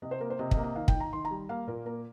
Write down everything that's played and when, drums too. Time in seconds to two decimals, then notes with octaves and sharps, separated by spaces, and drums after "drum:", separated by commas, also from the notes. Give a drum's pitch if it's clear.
0.02 C3 D#5
0.11 C5
0.20 A#3 A#4
0.30 C5
0.39 C3 D#5
0.51 D#5, drum: kick
0.57 A#3
0.63 D#5
0.76 D#3 F5
0.88 G5, drum: kick
0.94 D#3
1.00 A#5
1.13 D#3 C6
1.25 A#5
1.31 G3
1.49 A#3 F5
1.67 A#2 A#4
1.86 A#3 A#4